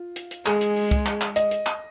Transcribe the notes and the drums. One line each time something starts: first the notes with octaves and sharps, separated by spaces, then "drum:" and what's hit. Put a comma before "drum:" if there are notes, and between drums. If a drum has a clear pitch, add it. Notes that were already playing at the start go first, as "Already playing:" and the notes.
Already playing: F4
drum: hi-hat
drum: hi-hat
G#3 G#4, drum: clap
drum: hi-hat
drum: open hi-hat
drum: kick C2, hi-hat
drum: clap
drum: clap
D#5, drum: hi-hat
drum: hi-hat
drum: clap